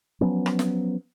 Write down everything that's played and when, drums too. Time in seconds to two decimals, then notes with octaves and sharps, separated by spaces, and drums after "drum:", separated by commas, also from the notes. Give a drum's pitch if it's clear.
0.21 F3 F#3 B3 C#4
0.46 drum: rim click
0.59 drum: snare